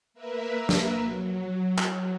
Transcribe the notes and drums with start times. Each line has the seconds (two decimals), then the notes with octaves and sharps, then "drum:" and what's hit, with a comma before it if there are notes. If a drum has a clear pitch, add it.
0.14 A#3 A#4 B4 E5
0.69 drum: snare
1.02 F#3
1.78 drum: clap